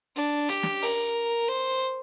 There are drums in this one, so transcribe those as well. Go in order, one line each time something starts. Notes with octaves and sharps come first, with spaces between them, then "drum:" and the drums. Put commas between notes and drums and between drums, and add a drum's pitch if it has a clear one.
D4
G4, drum: hi-hat
drum: snare
A#4, drum: open hi-hat
C5